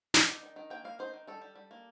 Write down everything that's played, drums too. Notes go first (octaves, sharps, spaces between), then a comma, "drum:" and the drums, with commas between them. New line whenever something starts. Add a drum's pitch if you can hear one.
D#3 D5, drum: snare
D#4
D#3
D#3
A#3 G5
A#3 F5
D#4 C5
D#3
G3 A4
G3
G3
A#3